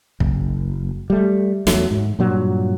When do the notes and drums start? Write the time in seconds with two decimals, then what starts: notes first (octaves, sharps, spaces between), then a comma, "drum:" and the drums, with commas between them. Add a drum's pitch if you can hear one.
0.20 F#1, drum: kick
1.10 G3 A3
1.67 E2 F#3 A3, drum: snare
1.91 G#2
2.19 G2 A#2 F#3